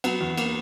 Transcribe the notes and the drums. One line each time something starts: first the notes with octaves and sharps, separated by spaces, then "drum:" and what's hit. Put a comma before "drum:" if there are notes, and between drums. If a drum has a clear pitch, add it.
F#3 B3, drum: cymbal
E2
A#3, drum: cymbal